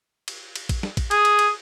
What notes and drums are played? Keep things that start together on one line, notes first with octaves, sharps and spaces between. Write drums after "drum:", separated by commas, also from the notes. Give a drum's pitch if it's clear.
drum: cymbal
drum: cymbal
drum: kick A1, cymbal
drum: snare
drum: kick A1, cymbal
G#4, drum: cymbal
drum: cymbal
drum: cymbal